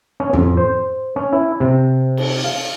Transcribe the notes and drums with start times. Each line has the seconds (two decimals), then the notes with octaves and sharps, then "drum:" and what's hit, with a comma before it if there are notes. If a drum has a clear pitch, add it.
0.20 C#4
0.33 F2, drum: tom A2
0.57 C5
1.16 C#4
1.33 E4
1.60 C3
2.17 drum: cymbal
2.44 F5